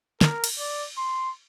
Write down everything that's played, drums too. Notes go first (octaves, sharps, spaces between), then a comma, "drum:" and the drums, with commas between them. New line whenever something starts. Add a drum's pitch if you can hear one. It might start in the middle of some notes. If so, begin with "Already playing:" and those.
A#4, drum: snare
drum: cymbal
D5
C6